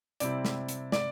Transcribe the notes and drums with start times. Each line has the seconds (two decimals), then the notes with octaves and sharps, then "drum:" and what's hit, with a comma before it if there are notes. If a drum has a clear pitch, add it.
0.20 C3 G3 C4 E4 D5, drum: hi-hat
0.45 drum: snare
0.69 drum: hi-hat
0.92 D5, drum: snare